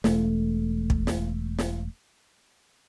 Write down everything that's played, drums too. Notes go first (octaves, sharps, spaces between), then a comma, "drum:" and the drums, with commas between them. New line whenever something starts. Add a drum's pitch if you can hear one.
E1 A3, drum: snare
drum: kick
drum: snare
drum: snare